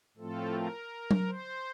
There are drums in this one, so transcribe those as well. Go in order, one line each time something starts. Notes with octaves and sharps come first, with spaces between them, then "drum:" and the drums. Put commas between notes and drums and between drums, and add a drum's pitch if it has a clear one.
A2 F3 A3 C4 F4 A4
A#4
drum: tom F#3
C5